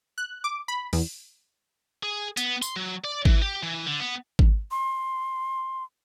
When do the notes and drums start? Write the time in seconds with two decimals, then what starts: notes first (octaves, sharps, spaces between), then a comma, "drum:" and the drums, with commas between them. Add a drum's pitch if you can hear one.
0.18 F#6
0.44 D6
0.68 B5
0.93 E2, drum: open hi-hat
2.03 G#4
2.37 B3, drum: hi-hat
2.62 C6, drum: tambourine
2.76 F#3
3.04 D5
3.25 E3, drum: kick G#1
3.42 G4
3.63 E3
3.87 D3
4.00 B3
4.39 drum: kick G#1
4.71 C6